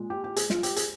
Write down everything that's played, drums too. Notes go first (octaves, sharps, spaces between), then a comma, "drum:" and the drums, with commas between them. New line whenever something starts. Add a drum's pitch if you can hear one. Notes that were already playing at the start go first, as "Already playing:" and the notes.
Already playing: A#2 G#3
G4
G4
G#4, drum: hi-hat
F4, drum: snare
G4, drum: hi-hat
G#4, drum: hi-hat